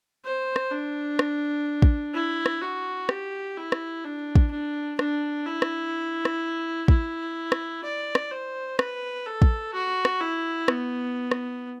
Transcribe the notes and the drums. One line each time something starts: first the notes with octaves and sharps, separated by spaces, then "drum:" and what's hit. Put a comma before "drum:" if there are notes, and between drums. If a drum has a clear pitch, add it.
C5
drum: rim click
D4
drum: rim click
drum: kick
E4
drum: rim click
F#4
G4, drum: rim click
E4
drum: rim click
D4
drum: kick
D4
D4, drum: rim click
E4
drum: rim click
drum: rim click
E4, drum: kick
drum: rim click
D5
drum: rim click
C5
B4, drum: rim click
A4
drum: kick
F#4
drum: rim click
E4
B3, drum: rim click
drum: rim click